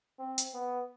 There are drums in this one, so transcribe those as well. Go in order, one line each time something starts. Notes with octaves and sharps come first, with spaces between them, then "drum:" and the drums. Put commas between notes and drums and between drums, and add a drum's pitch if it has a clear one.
C4
drum: hi-hat
B3